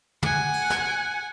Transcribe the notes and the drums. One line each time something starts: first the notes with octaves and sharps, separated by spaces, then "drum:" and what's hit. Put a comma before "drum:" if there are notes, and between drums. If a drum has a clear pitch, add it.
F#5 G#5, drum: tom
drum: open hi-hat
drum: snare